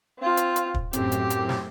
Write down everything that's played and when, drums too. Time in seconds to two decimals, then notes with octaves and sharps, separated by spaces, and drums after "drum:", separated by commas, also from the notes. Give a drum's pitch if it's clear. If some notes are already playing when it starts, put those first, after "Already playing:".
0.19 C4 F4
0.37 drum: hi-hat
0.56 drum: hi-hat
0.74 drum: kick
0.93 F#2 A2 C4 G4, drum: hi-hat
1.12 drum: hi-hat
1.30 drum: hi-hat
1.49 drum: snare